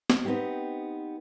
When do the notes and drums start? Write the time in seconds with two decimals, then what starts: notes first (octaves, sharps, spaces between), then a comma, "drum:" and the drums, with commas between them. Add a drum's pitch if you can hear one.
0.10 drum: snare
0.25 B3 C4 D#4 G4